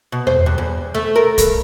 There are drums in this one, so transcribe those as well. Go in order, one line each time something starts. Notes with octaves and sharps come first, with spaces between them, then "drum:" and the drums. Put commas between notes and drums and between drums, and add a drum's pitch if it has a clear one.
B2
C5, drum: tom E2
G2
E2
A3
A#4
G2, drum: kick, hi-hat